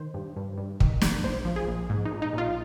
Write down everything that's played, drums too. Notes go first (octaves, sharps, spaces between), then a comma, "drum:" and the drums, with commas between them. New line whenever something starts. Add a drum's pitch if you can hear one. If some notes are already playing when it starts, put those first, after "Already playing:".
Already playing: D#3 C5
G2
G2
G2
D#3, drum: kick
D#3, drum: snare
A#1 C5
F3
G#4
A#1
G#2
D#4
A#1
D#4
A#1 F4